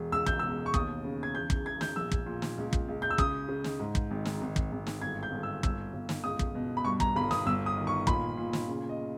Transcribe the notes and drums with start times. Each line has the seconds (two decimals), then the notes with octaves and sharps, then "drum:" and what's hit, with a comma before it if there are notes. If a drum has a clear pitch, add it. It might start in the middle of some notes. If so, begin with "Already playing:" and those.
Already playing: E1
0.12 C#2 E6
0.26 G6, drum: kick
0.39 B2 E6
0.66 C#6
0.74 D#2 D#6, drum: kick
1.04 C#3
1.23 G#6
1.35 E2 G6
1.50 G6, drum: kick
1.65 E1 G#6
1.81 G6, drum: snare
1.96 A#1 E6
2.12 drum: kick
2.26 A#2
2.42 drum: snare
2.58 C#2
2.73 drum: kick
2.88 C#2
3.02 G6
3.10 E6
3.18 C#3 D#6, drum: kick
3.48 C#3
3.64 drum: snare
3.80 G#2
3.95 drum: kick
4.11 G#1
4.25 drum: snare
4.41 G#1
4.56 drum: kick
4.72 G#1
4.87 drum: snare
5.02 G1 G#6
5.23 G6
5.32 G1
5.43 E6
5.63 G1 E6, drum: kick
5.93 G1
6.09 drum: snare
6.24 C#2 D#6
6.39 drum: kick
6.55 B2
6.77 B5
6.85 G2 C#6
7.00 A#5, drum: kick
7.16 G1 B5
7.31 D#6, drum: snare
7.46 G1 E6
7.66 D#6
7.77 D#3
7.87 C#6
8.07 A#2 B5, drum: kick
8.37 A#2
8.53 drum: snare
8.68 C#3
8.89 D#5